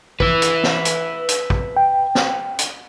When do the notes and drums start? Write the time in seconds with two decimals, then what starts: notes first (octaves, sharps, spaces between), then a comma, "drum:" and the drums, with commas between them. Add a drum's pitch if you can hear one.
0.20 B4 E5, drum: kick
0.42 drum: hi-hat
0.63 drum: snare
0.85 drum: hi-hat
1.29 drum: hi-hat
1.50 drum: kick
1.77 G5
2.15 drum: snare
2.59 drum: hi-hat